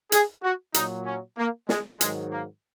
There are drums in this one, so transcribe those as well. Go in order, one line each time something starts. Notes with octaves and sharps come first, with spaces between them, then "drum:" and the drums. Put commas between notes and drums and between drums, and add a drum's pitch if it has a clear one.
G#4, drum: hi-hat
F#4
A#2 F#3 D#4, drum: hi-hat
C#4
A#3
G#3, drum: snare
G#2 D#3 F#3 G#3, drum: hi-hat
A#3